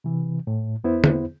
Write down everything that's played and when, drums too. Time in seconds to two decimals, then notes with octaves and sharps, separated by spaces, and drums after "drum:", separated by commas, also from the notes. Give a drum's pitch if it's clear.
0.04 C3 E3
0.47 A2
0.84 E2 B3 E4 C5
1.04 drum: tom